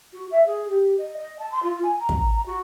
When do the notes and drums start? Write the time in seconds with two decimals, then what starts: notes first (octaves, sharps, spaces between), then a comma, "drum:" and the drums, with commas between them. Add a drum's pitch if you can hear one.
0.13 F#4
0.31 E5
0.46 G#4
0.68 G4
0.98 D#5
1.17 D#5
1.39 A5
1.51 C6
1.63 F4
1.83 G#5
2.00 A#5
2.09 drum: kick
2.46 F#4